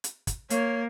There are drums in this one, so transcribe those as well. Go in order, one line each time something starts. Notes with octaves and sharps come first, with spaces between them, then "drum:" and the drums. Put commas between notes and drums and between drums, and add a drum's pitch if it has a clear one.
drum: hi-hat
drum: kick, hi-hat
A#3 C#5, drum: hi-hat